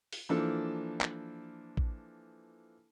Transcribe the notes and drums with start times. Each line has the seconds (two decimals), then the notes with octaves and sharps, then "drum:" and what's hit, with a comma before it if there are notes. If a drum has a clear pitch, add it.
0.13 drum: open hi-hat
0.29 E3 F3 A#3 D4 A4
1.01 drum: clap
1.77 drum: kick A1